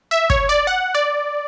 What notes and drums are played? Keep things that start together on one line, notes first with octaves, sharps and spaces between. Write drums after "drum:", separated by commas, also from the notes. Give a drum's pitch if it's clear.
E5
C#5, drum: kick
D5
F#5
D5